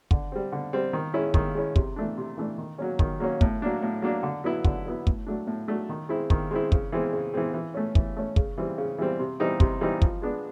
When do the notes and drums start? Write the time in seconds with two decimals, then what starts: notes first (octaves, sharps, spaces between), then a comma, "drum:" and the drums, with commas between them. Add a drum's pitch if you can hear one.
0.11 D3, drum: kick
0.32 G3 C4
0.52 D3
0.73 G3 C4
0.93 D#3
1.14 G#3 C#4 E4
1.34 D#3, drum: kick
1.55 G#3 C#4 E4
1.76 C3, drum: kick
1.96 E3 A3 D4
2.17 C3
2.37 E3 A3 D4
2.58 D#3
2.78 F#3 A#3 C#4
2.99 D#3, drum: kick
3.20 F#3 A#3 C#4
3.41 A2, drum: kick
3.62 F#3 A#3 D4
3.82 A2
4.02 F#3 A#3 D4
4.23 D3
4.44 F#3 B3 E4
4.64 D3, drum: kick
4.86 F#3 B3 E4
5.07 A2, drum: kick
5.27 F#3 A3 D4
5.47 A2
5.68 F#3 A3 D4
5.89 D#3
6.09 G#3 C4 E4
6.30 D#3, drum: kick
6.51 G#3 C4 E4
6.72 C#3, drum: kick
6.92 E3 G#3 C4
7.13 C#3
7.34 E3 G#3 C4
7.54 E3
7.74 A3 C#4
7.95 E3, drum: kick
8.17 A3 C#4
8.36 C#3, drum: kick
8.58 E3 G3 C4
8.78 C#3
8.98 E3 G3 C4
9.19 C3
9.40 E3 G3 C4 D#4
9.60 C3, drum: kick
9.81 E3 G3 C4 D#4
10.02 F3, drum: kick
10.22 G#3 B3 D4